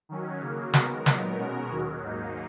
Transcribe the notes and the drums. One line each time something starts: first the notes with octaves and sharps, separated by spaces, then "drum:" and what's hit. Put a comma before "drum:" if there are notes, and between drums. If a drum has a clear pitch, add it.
D#3 F#3 C#4
C#3 F#3 A#3
D#3 G#3 B3 F#4 A#4, drum: snare
A#2 F#3 B3 D#4 A#4, drum: snare
B2 G#3 C#4 F#4 A#4
D#2 D#3 F#3
G#2 F#3 A#3 D#4